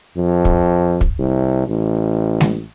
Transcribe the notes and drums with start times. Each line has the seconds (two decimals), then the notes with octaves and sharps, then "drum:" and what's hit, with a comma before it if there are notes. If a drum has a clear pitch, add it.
0.17 F2
0.45 drum: kick
1.01 drum: kick
1.19 C2
1.68 A1
2.41 drum: snare G#3